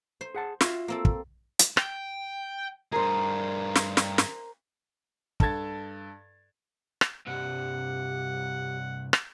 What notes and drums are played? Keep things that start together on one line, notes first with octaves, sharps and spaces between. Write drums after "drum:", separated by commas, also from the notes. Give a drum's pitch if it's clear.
C5
G#4 F#5 A5
F4 F#4 E5, drum: snare
A#3 C4 A4
drum: kick
drum: hi-hat
G5, drum: rim click
G2 G#4 A#4 C5
drum: snare
drum: snare
drum: snare
G2 A4 A5 G#6 A6, drum: kick
drum: rim click
C2 G2 G4 F#5
drum: rim click